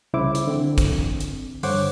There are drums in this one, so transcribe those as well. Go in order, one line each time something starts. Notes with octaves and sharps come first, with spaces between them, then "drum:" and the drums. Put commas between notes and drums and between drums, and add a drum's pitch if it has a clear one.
C2 C#3 E4 C5 D6
drum: hi-hat
D3 C4
drum: kick, hi-hat
drum: hi-hat
G2 D3 C5 C#5 F#5 D6, drum: open hi-hat